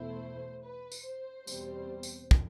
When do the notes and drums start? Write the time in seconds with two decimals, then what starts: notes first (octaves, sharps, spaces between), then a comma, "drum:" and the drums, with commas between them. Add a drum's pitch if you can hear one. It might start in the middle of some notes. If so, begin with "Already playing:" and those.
Already playing: E2 B2 A3 E4 C5
0.64 B4
0.92 drum: tambourine
1.06 C5
1.47 E2 B2 G3 C4, drum: tambourine
2.03 drum: tambourine
2.31 drum: kick